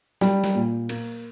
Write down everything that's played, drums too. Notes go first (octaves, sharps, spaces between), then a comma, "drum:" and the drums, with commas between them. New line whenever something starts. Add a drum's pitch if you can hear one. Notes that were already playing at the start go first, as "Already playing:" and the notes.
G3, drum: snare
drum: snare
A#2
A#3, drum: cymbal